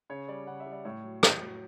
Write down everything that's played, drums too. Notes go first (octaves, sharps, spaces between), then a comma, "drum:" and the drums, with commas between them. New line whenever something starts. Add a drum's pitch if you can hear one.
C#3 C#5
G3 D5
C#3 F#5
E5
G3
D5
A2 C#5
F#3
A2, drum: rim click
F#3